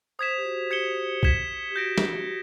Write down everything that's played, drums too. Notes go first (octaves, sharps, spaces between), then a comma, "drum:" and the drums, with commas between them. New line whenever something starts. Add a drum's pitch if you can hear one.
C5 D#6 G#6 B6 E7
G4
F#4
G4 G#6 C#7 E7 G7
G#6 B6 E7 G7, drum: kick B1
G4
F#4 G6 A#6 D7
drum: snare